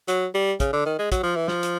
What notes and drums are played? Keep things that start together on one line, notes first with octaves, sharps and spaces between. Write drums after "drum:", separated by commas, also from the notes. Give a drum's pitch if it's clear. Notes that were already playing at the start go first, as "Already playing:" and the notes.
F#3, drum: hi-hat
G3
C#3, drum: kick, hi-hat
D3
D#3
G#3
F#3, drum: kick, hi-hat
F3
E3
F3, drum: snare
drum: hi-hat